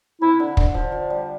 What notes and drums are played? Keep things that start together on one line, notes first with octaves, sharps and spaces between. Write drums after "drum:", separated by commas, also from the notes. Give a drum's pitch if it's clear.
C3 E4
D3
D3, drum: kick
F3
F3
G3